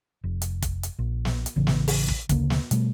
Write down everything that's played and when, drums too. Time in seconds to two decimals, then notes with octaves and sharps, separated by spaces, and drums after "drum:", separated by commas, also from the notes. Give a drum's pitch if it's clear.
0.24 F1
0.42 drum: hi-hat
0.62 drum: kick, hi-hat
0.83 drum: hi-hat
0.99 A#1
1.25 drum: snare
1.46 drum: hi-hat
1.56 A1 C#3 E3
1.67 drum: snare
1.88 drum: open hi-hat
2.08 drum: kick
2.29 D2 C#3 A#3, drum: kick, hi-hat
2.50 drum: snare
2.71 B2 G3 A3, drum: hi-hat